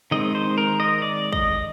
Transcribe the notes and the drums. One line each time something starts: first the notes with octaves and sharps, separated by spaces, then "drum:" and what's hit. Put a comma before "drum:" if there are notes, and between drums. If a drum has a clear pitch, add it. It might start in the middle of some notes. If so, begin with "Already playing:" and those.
D#3 G#3 C4 D#5
C5
A#4
D#5
D5
D#5, drum: kick